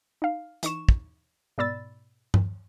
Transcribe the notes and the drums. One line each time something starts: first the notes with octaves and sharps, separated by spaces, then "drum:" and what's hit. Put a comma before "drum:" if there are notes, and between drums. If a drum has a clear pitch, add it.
D#4 F5
E3 D#4 C#6 E7, drum: hi-hat
drum: kick
G#2 B2 D5 B5 E6 A6
drum: tom G2